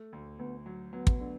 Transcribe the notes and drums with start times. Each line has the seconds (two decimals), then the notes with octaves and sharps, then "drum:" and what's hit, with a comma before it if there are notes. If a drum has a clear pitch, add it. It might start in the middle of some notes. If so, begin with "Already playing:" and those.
Already playing: A3
0.13 D2
0.39 D2 B3
0.66 F#3
0.93 F#3 B3
1.07 drum: kick
1.20 D3